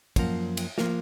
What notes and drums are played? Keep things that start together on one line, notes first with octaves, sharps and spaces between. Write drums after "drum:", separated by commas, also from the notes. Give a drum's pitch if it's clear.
F#2 F3 A#3, drum: kick, cymbal
drum: cymbal
F3 A#3, drum: snare